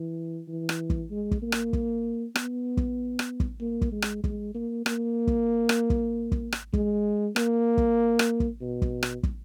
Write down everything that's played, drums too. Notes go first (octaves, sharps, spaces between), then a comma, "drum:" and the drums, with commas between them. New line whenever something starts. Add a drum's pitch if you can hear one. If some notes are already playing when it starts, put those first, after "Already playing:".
Already playing: E3
E3
drum: rim click
drum: kick
G#3
drum: kick
A#3
drum: rim click
drum: kick
B3, drum: rim click
drum: kick
drum: rim click
drum: kick
A#3
drum: kick
G#3
drum: rim click
G#3, drum: kick
A#3
A#3, drum: rim click
drum: kick
drum: rim click
drum: kick
drum: kick
drum: rim click
G#3, drum: kick
A#3, drum: rim click
drum: kick
drum: rim click
drum: kick
B2
drum: kick
drum: rim click
drum: kick